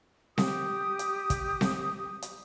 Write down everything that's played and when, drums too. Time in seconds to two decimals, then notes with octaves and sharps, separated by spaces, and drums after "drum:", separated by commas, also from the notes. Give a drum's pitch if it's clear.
0.38 G4 D#6, drum: snare C4
0.99 drum: hi-hat
1.30 drum: kick, hi-hat
1.61 drum: snare C4
2.22 drum: hi-hat